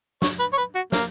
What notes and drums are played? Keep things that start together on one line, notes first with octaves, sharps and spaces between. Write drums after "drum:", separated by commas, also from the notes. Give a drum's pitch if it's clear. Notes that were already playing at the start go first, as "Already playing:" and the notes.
C#5, drum: snare
B4
C#5
B4
F#4
A#3, drum: snare